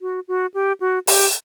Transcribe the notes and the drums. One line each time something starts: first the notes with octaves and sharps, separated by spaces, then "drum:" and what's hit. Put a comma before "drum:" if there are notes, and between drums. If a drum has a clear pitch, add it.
F#4
F#4
G4
F#4
G4, drum: open hi-hat